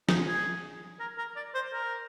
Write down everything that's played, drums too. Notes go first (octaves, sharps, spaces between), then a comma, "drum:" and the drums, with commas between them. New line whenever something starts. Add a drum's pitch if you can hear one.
D#4, drum: snare
G#4
A#4
A#4
D5
C5
A#4